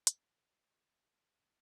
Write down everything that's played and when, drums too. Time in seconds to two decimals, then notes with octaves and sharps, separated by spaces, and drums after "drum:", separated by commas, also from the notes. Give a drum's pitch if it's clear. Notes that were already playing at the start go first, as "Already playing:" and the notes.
0.07 G#1 B3, drum: hi-hat